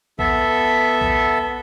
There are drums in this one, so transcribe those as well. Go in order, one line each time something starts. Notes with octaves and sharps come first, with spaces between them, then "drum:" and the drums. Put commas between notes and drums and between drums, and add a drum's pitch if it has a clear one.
B3 A4 E5, drum: kick A#1
drum: kick A#1